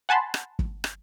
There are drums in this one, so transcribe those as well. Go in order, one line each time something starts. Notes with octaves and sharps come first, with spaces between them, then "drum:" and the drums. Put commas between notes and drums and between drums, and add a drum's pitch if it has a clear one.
F#5 G#5 A5 B5 C6
drum: rim click
drum: kick
drum: rim click